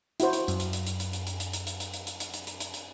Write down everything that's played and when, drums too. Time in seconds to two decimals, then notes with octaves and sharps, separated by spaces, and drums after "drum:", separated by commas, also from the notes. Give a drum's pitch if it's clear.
0.20 E4 F#4 C5, drum: hi-hat
0.33 drum: hi-hat
0.48 F#2, drum: hi-hat
0.60 drum: hi-hat
0.73 drum: hi-hat
0.87 drum: hi-hat
1.00 drum: hi-hat
1.13 drum: hi-hat
1.27 drum: hi-hat
1.40 drum: hi-hat
1.53 drum: hi-hat
1.67 drum: hi-hat
1.80 drum: hi-hat
1.94 drum: hi-hat
2.07 drum: hi-hat
2.20 drum: hi-hat
2.34 drum: hi-hat
2.47 drum: hi-hat
2.60 drum: hi-hat
2.74 drum: hi-hat